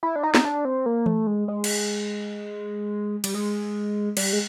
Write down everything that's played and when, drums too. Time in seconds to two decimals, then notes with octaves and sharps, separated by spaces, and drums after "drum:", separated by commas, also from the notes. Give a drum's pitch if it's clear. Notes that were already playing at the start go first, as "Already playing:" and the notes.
0.03 E4
0.16 D4
0.23 D#4
0.35 D#4, drum: snare
0.44 D4
0.65 C4
0.86 A#3
1.06 A3, drum: tom E3
1.27 G#3
1.48 G#3
1.64 drum: cymbal
3.24 G3, drum: cymbal
3.34 G#3
4.17 G3, drum: cymbal
4.33 G#3